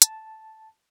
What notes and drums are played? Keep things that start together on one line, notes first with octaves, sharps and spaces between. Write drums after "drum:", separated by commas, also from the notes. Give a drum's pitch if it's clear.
A5, drum: hi-hat